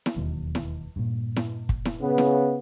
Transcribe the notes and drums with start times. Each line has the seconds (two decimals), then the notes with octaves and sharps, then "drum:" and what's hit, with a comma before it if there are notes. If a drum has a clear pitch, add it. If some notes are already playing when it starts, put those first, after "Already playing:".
0.06 drum: snare E4
0.16 E1 D#2 F#3
0.55 drum: snare E4
0.96 G2 A#2
1.36 drum: snare E4
1.69 drum: kick
1.85 drum: snare E4
2.02 C#3 B3
2.18 drum: snare E4